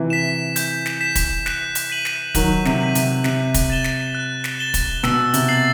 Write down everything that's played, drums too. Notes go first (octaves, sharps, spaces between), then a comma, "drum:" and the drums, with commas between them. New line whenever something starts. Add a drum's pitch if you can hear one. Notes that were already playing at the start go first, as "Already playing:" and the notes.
Already playing: C3 E3
B6 E7
G6, drum: hi-hat
drum: snare
B6 E7
drum: kick, hi-hat
F#6, drum: snare
drum: hi-hat
B6 D#7 F#7
drum: snare
D#3 F#3 F#6, drum: kick, hi-hat
C3, drum: snare
B6 D#7 F#7
C3, drum: hi-hat
C3 F#6, drum: snare
drum: kick, hi-hat
A6 E7 G7
drum: snare
F#6
drum: snare
A6 E7 G7
drum: kick, hi-hat
B2 E6, drum: snare
C3, drum: hi-hat
A6 C7 F#7